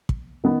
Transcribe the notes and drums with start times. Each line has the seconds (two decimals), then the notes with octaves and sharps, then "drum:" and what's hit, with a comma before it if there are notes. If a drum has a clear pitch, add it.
0.09 drum: kick
0.44 D#3 B3